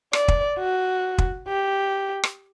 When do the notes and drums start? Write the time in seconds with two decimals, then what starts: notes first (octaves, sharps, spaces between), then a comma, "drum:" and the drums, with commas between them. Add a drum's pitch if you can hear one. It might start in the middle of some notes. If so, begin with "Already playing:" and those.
0.13 D5, drum: rim click
0.28 drum: kick
0.59 F#4
1.18 drum: kick
1.49 G4
2.23 drum: rim click